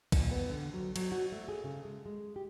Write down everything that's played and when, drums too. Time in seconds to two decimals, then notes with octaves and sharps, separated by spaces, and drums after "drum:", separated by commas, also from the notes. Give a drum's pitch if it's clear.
0.12 A#2, drum: kick, cymbal
0.31 B3
0.50 D3
0.74 F#3
0.96 F#3, drum: cymbal
1.12 F#4
1.32 A3
1.48 G#4
1.64 C#3
1.85 G#3
2.06 G#3
2.36 G4